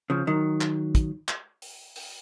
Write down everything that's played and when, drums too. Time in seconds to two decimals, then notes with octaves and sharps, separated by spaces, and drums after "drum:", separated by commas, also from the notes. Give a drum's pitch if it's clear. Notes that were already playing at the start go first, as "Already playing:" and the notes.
0.10 C#3 F3
0.27 D#3 F#3
0.61 drum: clap
0.95 drum: kick, hi-hat
1.28 drum: clap
1.62 drum: open hi-hat
1.96 drum: open hi-hat